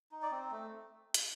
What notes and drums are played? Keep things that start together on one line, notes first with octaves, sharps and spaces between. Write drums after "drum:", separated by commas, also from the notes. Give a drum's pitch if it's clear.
D#4
D5
C4
A3
drum: hi-hat